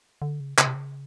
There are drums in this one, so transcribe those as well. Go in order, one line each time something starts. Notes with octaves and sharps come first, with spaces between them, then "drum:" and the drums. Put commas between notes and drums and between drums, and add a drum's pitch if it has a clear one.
D3
C#3
C#3, drum: clap
C3
C#3